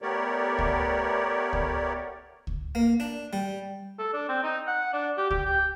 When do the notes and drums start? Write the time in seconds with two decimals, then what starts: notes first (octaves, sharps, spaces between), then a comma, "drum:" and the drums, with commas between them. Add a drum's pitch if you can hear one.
0.02 A3 B3 G4 A#4 C#5 D5
0.59 drum: kick C#2
1.53 drum: kick C#2
2.47 drum: kick C#2
2.75 A#3
3.00 D4
3.33 G3
3.99 A4
4.14 D4
4.29 C4
4.43 D#4
4.67 F#5
4.93 D4
5.17 G4
5.31 G4, drum: kick C#2
5.46 G5